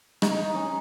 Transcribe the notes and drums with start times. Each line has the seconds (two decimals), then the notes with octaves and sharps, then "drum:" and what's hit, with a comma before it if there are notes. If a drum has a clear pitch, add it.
0.22 D#4, drum: rim click
0.55 C#4